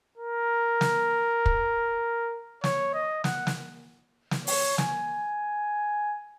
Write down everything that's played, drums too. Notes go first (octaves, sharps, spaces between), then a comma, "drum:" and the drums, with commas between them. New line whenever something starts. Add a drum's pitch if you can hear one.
A#4
drum: snare
drum: kick
C#5, drum: snare
D#5
F#5, drum: snare
drum: snare
drum: snare
C#5, drum: open hi-hat
G#5, drum: snare